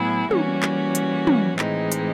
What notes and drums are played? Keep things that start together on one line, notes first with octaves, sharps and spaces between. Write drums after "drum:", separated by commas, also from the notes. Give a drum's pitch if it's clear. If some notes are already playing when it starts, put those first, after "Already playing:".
Already playing: A2 F#3 B3 E4 G#4
E3 G3 A#3 C#4 F#4, drum: tom
drum: clap
drum: hi-hat
drum: tom
A2 E3 G#3 C4 D#4, drum: clap
drum: hi-hat